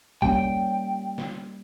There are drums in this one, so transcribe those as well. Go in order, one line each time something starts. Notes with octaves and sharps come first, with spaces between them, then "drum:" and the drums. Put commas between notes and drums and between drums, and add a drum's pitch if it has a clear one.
G3 A#3 C#4 G5, drum: kick
drum: snare